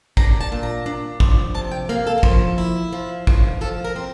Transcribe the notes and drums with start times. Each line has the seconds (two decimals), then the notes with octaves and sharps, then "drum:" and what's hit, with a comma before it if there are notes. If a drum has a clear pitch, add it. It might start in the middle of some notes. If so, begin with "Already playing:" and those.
0.17 D4 A#5, drum: kick
0.41 A5
0.52 A#2
0.63 A#5
0.86 D4
1.20 F3, drum: kick
1.55 C3 A5
1.71 G5
1.89 A#3 F5
2.07 A4
2.18 A#4
2.23 F3 A4, drum: kick
2.58 E4
2.93 F3
3.27 F3, drum: kick
3.61 F3 A4
3.85 A#4
3.96 C4